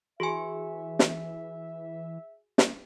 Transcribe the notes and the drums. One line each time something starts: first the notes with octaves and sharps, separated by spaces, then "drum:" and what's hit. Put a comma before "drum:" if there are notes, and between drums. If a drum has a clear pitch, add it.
E3 F#4 G#4 E5 G#5 B5 C6
drum: snare
drum: snare